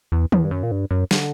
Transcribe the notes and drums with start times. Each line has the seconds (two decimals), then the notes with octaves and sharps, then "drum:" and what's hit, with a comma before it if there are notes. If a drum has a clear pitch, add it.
0.12 E2
0.32 E2, drum: tom D#3
0.45 G2
0.51 F#2
0.63 A#2
0.72 G2
0.91 F#2
1.11 D3, drum: snare